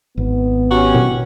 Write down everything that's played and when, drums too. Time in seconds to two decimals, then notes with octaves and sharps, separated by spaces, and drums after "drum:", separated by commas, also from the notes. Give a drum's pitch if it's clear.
0.18 G#1 B3
0.71 C#4 F#4 G4
0.94 drum: tom B2